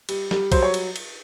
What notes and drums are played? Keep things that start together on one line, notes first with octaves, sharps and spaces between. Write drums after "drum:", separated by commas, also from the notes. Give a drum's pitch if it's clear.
G3, drum: cymbal
G3, drum: snare
F#3 C5, drum: kick B1, cymbal
C#5
drum: cymbal
drum: cymbal